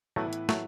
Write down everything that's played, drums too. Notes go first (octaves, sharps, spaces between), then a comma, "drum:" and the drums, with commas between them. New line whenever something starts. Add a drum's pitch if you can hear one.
A2 E3 F#3 A3 B3 E4 B4
drum: hi-hat
F#3 A3, drum: snare